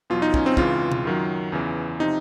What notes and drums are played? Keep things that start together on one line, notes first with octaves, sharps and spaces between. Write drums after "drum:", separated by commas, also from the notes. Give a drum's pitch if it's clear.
E2 B2 F#3 F4
D#4
C#4, drum: kick
C4
C#2 C#3 E3 F4, drum: kick
drum: tom B2
F#2 D#3 F#3
E2 C#3 E3
C3 F3 D#4